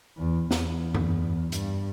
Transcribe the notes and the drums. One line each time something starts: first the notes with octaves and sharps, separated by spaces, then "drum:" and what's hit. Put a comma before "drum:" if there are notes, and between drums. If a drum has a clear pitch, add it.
E2
E2, drum: snare
drum: tom F#2
G2, drum: hi-hat